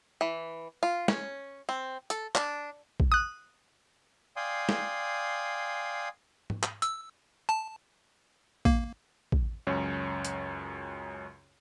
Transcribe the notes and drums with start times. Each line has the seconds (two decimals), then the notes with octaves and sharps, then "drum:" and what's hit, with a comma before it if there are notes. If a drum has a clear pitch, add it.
0.21 E3
0.83 F4
1.08 C#4, drum: snare
1.69 C4
2.10 A4, drum: hi-hat
2.35 D4, drum: clap
3.00 drum: kick
3.12 D#6 F#6
4.36 D5 F5 G5 G#5 C6 D#6
4.69 drum: snare
6.50 drum: tom G#2
6.63 drum: clap
6.82 E6, drum: hi-hat
7.49 A5
8.65 A#3, drum: kick
9.32 drum: kick
9.67 C#2 F#2 C#4 C#5
10.25 drum: hi-hat